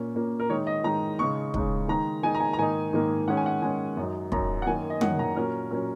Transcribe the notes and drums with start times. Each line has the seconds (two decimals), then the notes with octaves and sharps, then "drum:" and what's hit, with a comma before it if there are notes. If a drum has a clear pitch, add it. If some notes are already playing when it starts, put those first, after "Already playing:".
Already playing: A#2 A#3 C#4
0.15 A#2 A#3 C#4
0.40 A#4
0.49 D#3 G#3 D#4 C#5
0.67 D#5
0.84 D#3 G#3 D#4 A#5
1.19 C#3 G#3 D#4 C#6
1.54 C#3 G#3 D#4, drum: kick
1.88 D#3 G#3 D#4 A#5
2.23 D#3 G#3 D#4 G#5
2.34 A#5
2.40 G#5
2.53 A#5
2.58 G#2 D#3 A#3 D#4 G#5
2.93 G#2 D#3 A#3 D#4
3.28 D#3 G#3 C#4 F#5
3.37 G#5
3.46 F#5
3.62 D#3 G#3 C#4 G#5
3.97 F#2 F#3 D#4
4.32 F#2 F#3 D#4 A#5, drum: kick
4.62 F#5
4.67 F#2 D#3 A#3 G#5
4.90 D#5
5.01 F#2 D#3 A#3 F#5, drum: tom
5.19 A#5
5.36 A#2 F#3 C#4 A#4
5.71 A#2 F#3 C#4 A#4